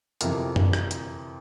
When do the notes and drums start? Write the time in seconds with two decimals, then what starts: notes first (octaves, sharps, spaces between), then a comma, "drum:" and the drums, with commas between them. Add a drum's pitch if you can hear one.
0.21 F2 C3 E3 A#4, drum: hi-hat
0.56 drum: tom F#2
0.73 drum: rim click
0.91 drum: hi-hat